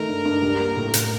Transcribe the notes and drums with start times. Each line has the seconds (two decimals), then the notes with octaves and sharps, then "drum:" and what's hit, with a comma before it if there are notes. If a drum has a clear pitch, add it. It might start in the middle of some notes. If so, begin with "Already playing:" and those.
Already playing: D#3 A3 A#4
0.08 G2
0.25 G2
0.42 G3
0.59 A#3
0.76 A2
0.94 A2, drum: hi-hat